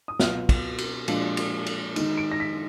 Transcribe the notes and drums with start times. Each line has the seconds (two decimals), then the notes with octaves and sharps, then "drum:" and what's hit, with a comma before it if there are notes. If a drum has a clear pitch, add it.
0.08 D#6
0.20 B2 F#3 B3 F4 F6, drum: snare
0.49 drum: kick, cymbal
0.78 drum: cymbal
1.08 A#2 F3 G#3 D4 F4, drum: cymbal
1.37 drum: cymbal
1.66 drum: cymbal
1.96 D#3 G#3 D#4, drum: cymbal
2.18 D7
2.32 A#6
2.40 B6